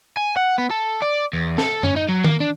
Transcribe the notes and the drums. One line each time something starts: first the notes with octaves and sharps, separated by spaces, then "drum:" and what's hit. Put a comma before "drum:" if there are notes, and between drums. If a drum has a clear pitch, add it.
G#5
F#5
B3
A4
D5
E2
A4, drum: snare
C#4, drum: tom F#2
D#4
F#3
A#3, drum: tom D#3
D4